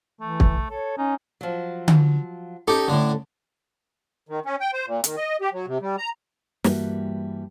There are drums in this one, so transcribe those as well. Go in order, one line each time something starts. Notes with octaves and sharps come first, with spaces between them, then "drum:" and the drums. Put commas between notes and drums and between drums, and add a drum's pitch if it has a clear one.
E3 A3
drum: kick
A4 C#5
C#4 D#4
F3 F#3
drum: tom D3
C#4 D#4 G4 A4
A2 D3
D#3
C#4
G5
C5
A#2
D#3, drum: hi-hat
D#5
G4
F#3
C3
G3
A#5
G2 E3 G3 A#3 F#4, drum: snare